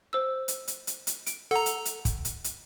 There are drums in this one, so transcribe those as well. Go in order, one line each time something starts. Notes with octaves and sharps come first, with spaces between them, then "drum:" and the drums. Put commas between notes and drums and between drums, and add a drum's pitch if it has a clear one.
C5 E6
drum: hi-hat
drum: hi-hat
drum: hi-hat
drum: hi-hat
D7, drum: hi-hat
A4 F#5 A#5
drum: hi-hat
drum: hi-hat
drum: kick, hi-hat
drum: hi-hat
drum: hi-hat